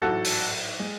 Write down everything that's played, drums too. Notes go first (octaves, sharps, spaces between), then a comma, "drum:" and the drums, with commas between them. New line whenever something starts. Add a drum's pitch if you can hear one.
A1 G#2 F#3 F#4 A4
drum: open hi-hat
G#3